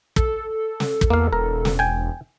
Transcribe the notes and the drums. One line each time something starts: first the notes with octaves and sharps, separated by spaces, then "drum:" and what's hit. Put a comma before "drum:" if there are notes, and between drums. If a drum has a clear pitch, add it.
A4, drum: kick
drum: snare
drum: kick
E2 A#3 F5
E1 A#4
drum: snare
G5 G#5